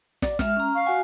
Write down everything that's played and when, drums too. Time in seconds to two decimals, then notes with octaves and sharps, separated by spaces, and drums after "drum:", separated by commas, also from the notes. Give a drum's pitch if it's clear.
0.22 D5, drum: snare
0.39 G#3 E5 F6, drum: snare
0.57 C#4 A#5
0.75 F5 C#6
0.86 F#4 F#5 G#5